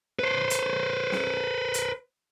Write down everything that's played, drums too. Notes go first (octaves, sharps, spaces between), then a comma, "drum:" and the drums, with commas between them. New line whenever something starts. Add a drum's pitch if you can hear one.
B4 C5
drum: hi-hat
drum: snare
drum: hi-hat